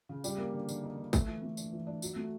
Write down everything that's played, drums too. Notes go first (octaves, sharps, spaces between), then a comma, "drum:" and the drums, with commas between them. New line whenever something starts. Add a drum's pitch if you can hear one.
C#3
G3, drum: tambourine
A#3
D3
D3, drum: tambourine
D#4
D3
A3, drum: kick, tambourine
E3
A3
D4, drum: tambourine
E3
D4
F#3, drum: tambourine
A3